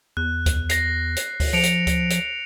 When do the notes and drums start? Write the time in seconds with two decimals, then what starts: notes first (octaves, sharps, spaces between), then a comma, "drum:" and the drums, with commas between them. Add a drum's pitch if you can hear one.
0.17 E2 F#6
0.46 drum: kick D2, hi-hat
0.69 A#6 C7, drum: hi-hat
1.16 drum: hi-hat
1.40 drum: kick D2, open hi-hat
1.53 F3 C#7 D7 F7
1.63 drum: hi-hat
1.87 drum: kick D2, hi-hat
2.10 drum: hi-hat